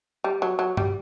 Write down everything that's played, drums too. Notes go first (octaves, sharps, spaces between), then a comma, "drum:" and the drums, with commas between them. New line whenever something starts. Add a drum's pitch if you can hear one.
G3
F#3
F#3
G3, drum: tom G2